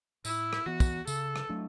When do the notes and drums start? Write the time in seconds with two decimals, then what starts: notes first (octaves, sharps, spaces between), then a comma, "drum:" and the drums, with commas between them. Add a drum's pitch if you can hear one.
0.25 A2 E4, drum: tambourine
0.53 drum: rim click
0.66 E3 B3 F#4
0.80 drum: kick, tambourine
1.07 C#3 A4, drum: tambourine
1.36 drum: rim click
1.49 F#3 A3 D4